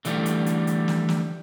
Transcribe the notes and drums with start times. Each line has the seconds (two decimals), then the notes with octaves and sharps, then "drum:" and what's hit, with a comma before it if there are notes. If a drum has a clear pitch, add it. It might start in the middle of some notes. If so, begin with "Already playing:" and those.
0.05 D3 E3 F3 G3 A3, drum: hi-hat
0.26 drum: hi-hat
0.46 drum: hi-hat
0.67 drum: hi-hat
0.88 drum: snare
1.09 drum: snare